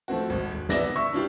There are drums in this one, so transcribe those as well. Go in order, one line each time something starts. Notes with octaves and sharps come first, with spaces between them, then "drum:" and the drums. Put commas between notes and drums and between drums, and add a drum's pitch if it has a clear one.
F3 A3 C4 F#4
G#1
E1
F2 B3 D5 E5 A#6, drum: snare
E5 C#6 E6
D4 E4 F4 G4